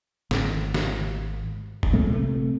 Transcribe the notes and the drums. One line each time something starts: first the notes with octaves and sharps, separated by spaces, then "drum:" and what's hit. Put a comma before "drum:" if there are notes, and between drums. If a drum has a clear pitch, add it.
G#1, drum: snare
drum: snare
drum: kick
A#2 G#3 A3
C3 A3